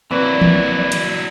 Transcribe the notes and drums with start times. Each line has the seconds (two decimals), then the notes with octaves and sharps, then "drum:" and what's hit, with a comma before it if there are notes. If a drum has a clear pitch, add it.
0.11 E3 F#3 A#3 C4 E4 B4 D5
0.41 drum: tom
0.92 drum: hi-hat